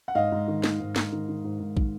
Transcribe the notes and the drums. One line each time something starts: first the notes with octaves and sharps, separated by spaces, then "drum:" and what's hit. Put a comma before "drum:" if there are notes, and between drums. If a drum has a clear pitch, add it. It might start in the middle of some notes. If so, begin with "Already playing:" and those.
F#5
G#2 D#5 F5
G#2
D#3
D#3, drum: snare
G#2
G#2, drum: snare
D#3
D#3
G#2
G#2
D#3, drum: kick